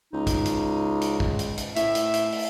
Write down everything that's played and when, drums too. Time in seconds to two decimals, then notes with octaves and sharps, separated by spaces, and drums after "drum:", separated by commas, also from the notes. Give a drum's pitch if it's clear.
0.13 C#2 D#4
0.27 drum: kick, hi-hat
0.45 drum: hi-hat
1.01 drum: hi-hat
1.20 drum: kick
1.39 drum: hi-hat
1.58 drum: hi-hat
1.76 A2 E5, drum: hi-hat
1.95 drum: hi-hat
2.14 drum: hi-hat
2.32 drum: open hi-hat